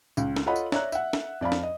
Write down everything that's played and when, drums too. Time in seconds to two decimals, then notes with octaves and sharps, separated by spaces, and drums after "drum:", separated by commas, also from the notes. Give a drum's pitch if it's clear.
0.17 C#2, drum: tambourine
0.36 drum: snare
0.46 F4 A4 C#5 D#5 F#5 B5
0.56 drum: tambourine
0.72 C#5 D5 E5 A#5 F#6, drum: snare
0.92 E5 F#5, drum: tambourine
1.13 drum: snare
1.41 F2 D5 F5 B5
1.52 drum: snare
1.63 D#5